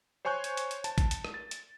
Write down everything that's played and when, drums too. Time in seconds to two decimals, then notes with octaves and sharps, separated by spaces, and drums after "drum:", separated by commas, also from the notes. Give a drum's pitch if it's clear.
0.25 C5 C#5 G#5 C#6 F#6 G6
0.44 drum: hi-hat
0.57 drum: hi-hat
0.71 drum: hi-hat
0.84 A5, drum: hi-hat
0.98 drum: kick, hi-hat
1.11 drum: hi-hat
1.25 drum: rim click
1.34 A6
1.51 drum: hi-hat